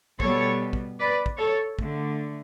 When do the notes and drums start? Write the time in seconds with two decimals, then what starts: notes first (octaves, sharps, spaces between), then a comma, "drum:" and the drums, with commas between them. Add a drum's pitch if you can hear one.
0.20 B2 G3 B3 A4 C#5, drum: kick
0.73 drum: kick
1.00 B4 D5
1.26 drum: kick
1.38 A4 C#5
1.79 D3 A3, drum: kick